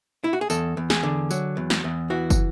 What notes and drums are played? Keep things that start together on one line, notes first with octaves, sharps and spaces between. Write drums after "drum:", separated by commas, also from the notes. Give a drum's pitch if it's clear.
E4
F#4
G#4
E2 A4, drum: tambourine
E2
G#4, drum: snare
D3
F#3, drum: tambourine
E2
drum: snare
E2
E3 F#4
drum: kick, tambourine